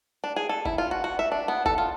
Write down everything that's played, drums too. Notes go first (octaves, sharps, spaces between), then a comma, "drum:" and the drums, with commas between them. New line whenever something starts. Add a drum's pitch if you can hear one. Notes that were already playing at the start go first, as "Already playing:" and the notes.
D4
G#4
A4
E4, drum: kick
F4
F#4
F#4
E5
D4
B3
A4, drum: kick
F4